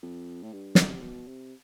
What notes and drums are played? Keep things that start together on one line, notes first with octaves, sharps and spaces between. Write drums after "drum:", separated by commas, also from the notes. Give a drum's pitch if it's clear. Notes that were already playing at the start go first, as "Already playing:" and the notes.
F2
A2
G2
D3, drum: snare
C3
B2
C3